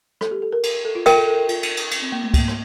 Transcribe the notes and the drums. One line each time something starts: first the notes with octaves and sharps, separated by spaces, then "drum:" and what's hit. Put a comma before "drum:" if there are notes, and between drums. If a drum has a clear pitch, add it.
A4, drum: rim click
G4
A4
A#4
A#4, drum: cymbal
A#4
A4
F4
F4 A#4 E5 G5, drum: cymbal
A4
A4
A4
F4, drum: cymbal
drum: cymbal
drum: cymbal
drum: cymbal
C4
A#3
A3
A#3, drum: kick, cymbal
drum: rim click